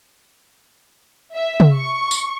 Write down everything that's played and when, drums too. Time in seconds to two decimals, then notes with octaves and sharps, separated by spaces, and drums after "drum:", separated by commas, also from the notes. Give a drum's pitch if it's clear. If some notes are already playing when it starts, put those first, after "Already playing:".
1.35 E5
1.60 drum: tom
1.74 C#6
2.11 drum: tambourine